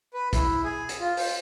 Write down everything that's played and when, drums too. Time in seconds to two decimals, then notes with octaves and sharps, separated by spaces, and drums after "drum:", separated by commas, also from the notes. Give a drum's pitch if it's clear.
0.14 B4
0.33 E4, drum: kick, hi-hat
0.64 G#4
0.89 drum: hi-hat
1.00 F4
1.17 C5, drum: open hi-hat